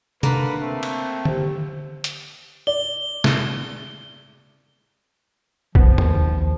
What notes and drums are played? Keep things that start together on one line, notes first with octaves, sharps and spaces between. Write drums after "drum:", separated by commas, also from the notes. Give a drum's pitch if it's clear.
D3 A#3 B4 A#5, drum: tom C3
A3 C4
drum: cymbal
G4 C5, drum: tom D3
drum: hi-hat
D5 G7
drum: snare
F3 B3, drum: kick A#1
D#2, drum: tom E2